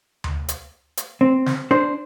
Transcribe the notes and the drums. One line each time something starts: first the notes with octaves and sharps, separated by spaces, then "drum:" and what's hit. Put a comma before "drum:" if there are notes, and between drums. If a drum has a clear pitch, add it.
drum: tom D2
drum: hi-hat
drum: hi-hat
C4
drum: snare
D4 C5